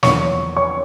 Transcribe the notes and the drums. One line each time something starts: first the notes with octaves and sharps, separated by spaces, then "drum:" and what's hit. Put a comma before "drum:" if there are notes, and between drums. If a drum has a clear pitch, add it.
E2 D3 F3 A#3 C#5 C#6, drum: snare
C#5 C#6